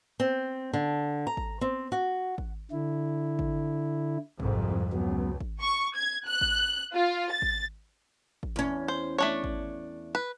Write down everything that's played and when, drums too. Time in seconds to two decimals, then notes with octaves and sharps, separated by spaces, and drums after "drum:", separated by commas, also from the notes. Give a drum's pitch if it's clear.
0.20 C4
0.73 D3
1.27 A#5
1.37 drum: kick G#1
1.61 C4
1.92 F#4
2.38 drum: kick G#1
2.71 D3 E4
3.39 drum: kick G#1
4.40 C2 F2 G#2, drum: kick G#1
4.93 C#2 F#3 B3
5.41 drum: kick G#1
5.61 C#6
5.96 G#6
6.26 F#6
6.41 drum: kick G#1
6.94 F4
7.31 A6
7.42 drum: kick G#1
8.43 drum: kick G#1
8.56 E2 C#4
8.88 C5
9.18 A3 D4 C#5
9.44 drum: kick G#1
10.15 B4